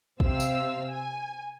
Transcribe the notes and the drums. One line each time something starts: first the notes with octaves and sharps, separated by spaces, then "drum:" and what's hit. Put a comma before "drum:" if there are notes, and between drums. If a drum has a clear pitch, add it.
C3 C4 F5 E6, drum: kick
drum: tambourine
G#5